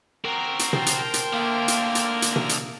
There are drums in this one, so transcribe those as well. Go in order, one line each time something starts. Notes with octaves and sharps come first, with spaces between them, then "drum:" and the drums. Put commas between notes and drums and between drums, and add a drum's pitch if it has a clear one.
C4 F#4 A#4
drum: hi-hat
C5 G5 A5, drum: tom
drum: hi-hat
drum: hi-hat
D3 A3 A#3
drum: hi-hat
drum: hi-hat
drum: hi-hat
drum: tom
drum: hi-hat